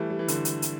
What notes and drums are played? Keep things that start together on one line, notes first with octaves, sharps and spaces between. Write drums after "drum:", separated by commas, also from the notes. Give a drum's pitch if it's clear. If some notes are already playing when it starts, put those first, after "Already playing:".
Already playing: E3 G3 A3
G3
E3
D3, drum: hi-hat
drum: hi-hat
drum: hi-hat